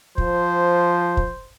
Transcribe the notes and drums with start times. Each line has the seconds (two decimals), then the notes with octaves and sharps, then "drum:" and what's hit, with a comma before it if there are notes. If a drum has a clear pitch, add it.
0.18 F3 C5, drum: kick
1.17 drum: kick